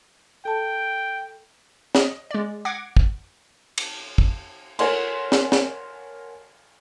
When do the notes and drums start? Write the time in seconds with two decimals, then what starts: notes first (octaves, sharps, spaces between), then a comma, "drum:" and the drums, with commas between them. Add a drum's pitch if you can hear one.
0.45 A4 G5 A5
1.95 D#5, drum: snare
2.31 G#3 D5
2.65 F#5 D6 G#6 A#6 C7
2.97 drum: kick
3.78 drum: cymbal
4.18 drum: kick
4.79 A#4 C#5 F#5 G#5 C6, drum: cymbal
5.32 drum: snare
5.52 drum: snare